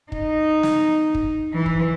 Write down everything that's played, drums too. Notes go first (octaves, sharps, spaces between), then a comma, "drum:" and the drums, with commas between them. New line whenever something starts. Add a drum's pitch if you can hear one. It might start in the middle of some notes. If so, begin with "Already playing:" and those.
D#4, drum: kick
drum: snare
drum: kick
E3
drum: kick